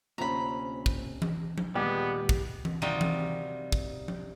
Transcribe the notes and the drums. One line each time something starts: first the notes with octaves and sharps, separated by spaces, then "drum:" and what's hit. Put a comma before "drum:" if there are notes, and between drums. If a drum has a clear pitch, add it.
D2 C3 A#3 C#4 F4 C5 A#5 B5
drum: kick
drum: tom E3
drum: tom F3
D#2 A#2 G3 G#3 B3 G4
drum: kick
drum: tom E3
C3 D#3 G3 D#4 F4 F#4
drum: tom E3
drum: kick
drum: tom F3